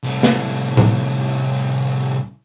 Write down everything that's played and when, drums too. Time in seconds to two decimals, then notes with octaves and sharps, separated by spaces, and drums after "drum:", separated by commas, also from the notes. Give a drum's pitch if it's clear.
0.03 C2 A2
0.23 drum: snare
0.77 drum: tom A2